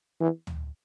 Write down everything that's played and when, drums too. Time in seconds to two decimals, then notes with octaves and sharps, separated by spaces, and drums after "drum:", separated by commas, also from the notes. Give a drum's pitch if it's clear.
0.20 E3
0.47 drum: tom